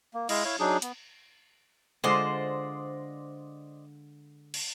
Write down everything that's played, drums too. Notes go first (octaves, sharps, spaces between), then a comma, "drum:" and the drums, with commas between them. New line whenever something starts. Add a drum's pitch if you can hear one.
A#3
G#3 E4 D#5 F5, drum: cymbal
E4 C#5 F5
F#3 D4 D#4 G#4
B3, drum: hi-hat
D3 G#3 F4 C5 D5 D#5
drum: cymbal